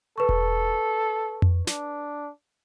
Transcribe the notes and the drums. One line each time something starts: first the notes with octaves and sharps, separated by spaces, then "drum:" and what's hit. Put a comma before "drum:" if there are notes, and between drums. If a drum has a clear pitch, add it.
A4 B4 C#6
drum: kick E1
drum: tom F2
D4, drum: snare